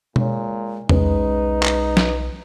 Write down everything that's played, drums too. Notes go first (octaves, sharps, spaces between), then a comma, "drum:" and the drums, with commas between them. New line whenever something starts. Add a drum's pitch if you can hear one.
A#2 G#3 C#5, drum: tom B2
B1 G#3 C#4 D#4 B4, drum: tom E2
drum: clap
drum: snare